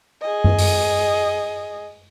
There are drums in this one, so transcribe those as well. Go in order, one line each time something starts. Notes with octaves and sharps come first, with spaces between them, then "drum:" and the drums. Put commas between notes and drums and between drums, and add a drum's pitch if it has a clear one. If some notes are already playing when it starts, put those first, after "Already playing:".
G#4 D#5
drum: tom F#2
drum: open hi-hat